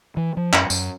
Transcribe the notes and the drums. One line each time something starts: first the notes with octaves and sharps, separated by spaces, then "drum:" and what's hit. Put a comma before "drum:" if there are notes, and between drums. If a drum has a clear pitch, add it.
E3
F3
F#2, drum: clap
F#2, drum: tambourine